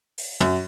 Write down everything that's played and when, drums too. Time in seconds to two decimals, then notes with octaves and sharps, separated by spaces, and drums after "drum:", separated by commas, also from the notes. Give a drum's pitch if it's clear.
0.18 drum: open hi-hat
0.40 F#2, drum: tom